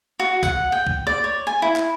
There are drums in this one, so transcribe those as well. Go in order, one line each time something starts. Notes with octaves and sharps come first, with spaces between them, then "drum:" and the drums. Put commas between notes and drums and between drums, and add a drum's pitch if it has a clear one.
F#4
F#5, drum: kick, tambourine
G5
drum: kick
D5
C#5
G#5
E4
drum: clap